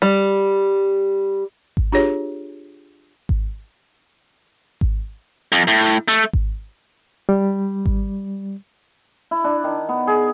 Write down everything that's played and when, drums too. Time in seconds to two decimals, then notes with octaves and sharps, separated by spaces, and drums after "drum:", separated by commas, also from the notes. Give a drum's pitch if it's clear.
0.02 G3
1.77 drum: kick G#1
1.92 D4 F4 G4 G#4 C#5
3.29 drum: kick G#1
4.81 drum: kick G#1
5.52 F2
5.68 A2
6.08 A3
6.33 drum: kick G#1
7.29 G3
7.86 drum: kick G#1
9.31 E4
9.44 D4
9.64 D#3
9.89 B3
10.07 G#4